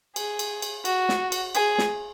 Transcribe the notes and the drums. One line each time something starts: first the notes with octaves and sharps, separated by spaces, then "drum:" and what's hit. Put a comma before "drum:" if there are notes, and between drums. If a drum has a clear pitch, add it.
G#4, drum: cymbal
drum: cymbal
drum: cymbal
F#4, drum: cymbal
drum: snare
drum: cymbal
G#4, drum: cymbal
drum: snare